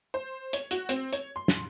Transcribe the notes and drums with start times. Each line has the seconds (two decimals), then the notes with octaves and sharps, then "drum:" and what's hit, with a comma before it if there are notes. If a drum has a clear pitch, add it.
0.14 C5
0.53 C#5, drum: hi-hat
0.71 F#4, drum: hi-hat
0.89 C4, drum: hi-hat
1.13 C#5, drum: hi-hat
1.36 C6
1.48 drum: snare